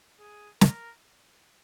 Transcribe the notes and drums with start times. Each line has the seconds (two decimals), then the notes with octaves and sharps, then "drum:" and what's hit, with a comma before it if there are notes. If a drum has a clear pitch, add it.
0.20 G#4
0.61 A#4, drum: snare